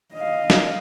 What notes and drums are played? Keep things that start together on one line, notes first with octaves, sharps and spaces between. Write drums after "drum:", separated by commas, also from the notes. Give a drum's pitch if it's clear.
D#5 F5
drum: snare